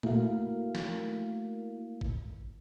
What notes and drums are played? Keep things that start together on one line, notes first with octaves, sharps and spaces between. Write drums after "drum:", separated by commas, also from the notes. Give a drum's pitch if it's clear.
A3 A#3 E4 F#4 A#4 F5, drum: tom A#2
drum: snare
drum: kick G#1